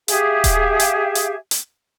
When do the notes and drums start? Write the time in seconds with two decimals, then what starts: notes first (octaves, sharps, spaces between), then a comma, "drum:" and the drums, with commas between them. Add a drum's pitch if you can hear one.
0.08 G4 G#4 E5 F5, drum: hi-hat
0.44 drum: kick D#1, hi-hat
0.80 drum: hi-hat
1.15 drum: hi-hat
1.51 drum: hi-hat